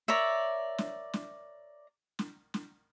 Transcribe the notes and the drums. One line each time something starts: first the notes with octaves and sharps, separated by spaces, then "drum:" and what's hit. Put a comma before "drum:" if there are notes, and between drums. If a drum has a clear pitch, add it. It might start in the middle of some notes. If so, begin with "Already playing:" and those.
A#4 C#5 D5 E5
drum: snare
drum: snare
drum: snare
drum: snare